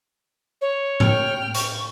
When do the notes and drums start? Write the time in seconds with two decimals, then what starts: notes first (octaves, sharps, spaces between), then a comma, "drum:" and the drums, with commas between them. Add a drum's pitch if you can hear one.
0.61 C#5
1.00 G5 F6, drum: tom A2
1.54 C#6, drum: hi-hat